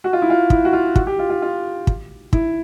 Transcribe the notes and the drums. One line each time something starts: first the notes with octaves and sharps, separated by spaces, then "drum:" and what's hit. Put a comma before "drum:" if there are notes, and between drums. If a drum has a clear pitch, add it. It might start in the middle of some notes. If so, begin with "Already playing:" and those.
F#4
F4
E4
F4
E4, drum: kick
F#4
F4
F#4, drum: kick
G4
F4
F4
F4
drum: kick
E4, drum: kick